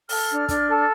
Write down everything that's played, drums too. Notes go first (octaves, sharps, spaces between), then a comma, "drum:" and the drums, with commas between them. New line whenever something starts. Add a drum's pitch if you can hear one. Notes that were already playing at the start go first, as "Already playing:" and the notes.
A4 F6, drum: open hi-hat
D4
D4, drum: kick, hi-hat
A4